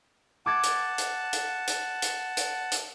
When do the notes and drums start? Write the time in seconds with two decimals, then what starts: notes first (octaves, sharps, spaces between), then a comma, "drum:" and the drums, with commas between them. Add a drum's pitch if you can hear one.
0.46 F#5 A5 D6 G#6 A6
0.63 drum: hi-hat
0.98 drum: hi-hat
1.33 drum: hi-hat
1.67 drum: hi-hat
2.02 drum: hi-hat
2.37 drum: hi-hat
2.72 drum: hi-hat